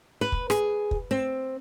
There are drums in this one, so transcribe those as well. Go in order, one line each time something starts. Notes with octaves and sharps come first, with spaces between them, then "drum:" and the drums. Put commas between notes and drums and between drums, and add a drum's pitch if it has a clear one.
B4
drum: kick
G#4, drum: rim click
drum: kick
C4